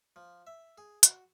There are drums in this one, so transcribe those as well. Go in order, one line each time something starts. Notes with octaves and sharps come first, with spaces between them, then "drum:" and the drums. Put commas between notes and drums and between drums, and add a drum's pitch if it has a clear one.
F3
E5
G#4
F#4, drum: hi-hat